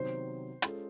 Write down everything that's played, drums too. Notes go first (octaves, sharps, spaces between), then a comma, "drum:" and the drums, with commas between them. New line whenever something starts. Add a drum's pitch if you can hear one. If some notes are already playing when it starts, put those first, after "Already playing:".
Already playing: C3 D#3 F#3 B3 C5
G#3 C#4 F4 A4, drum: hi-hat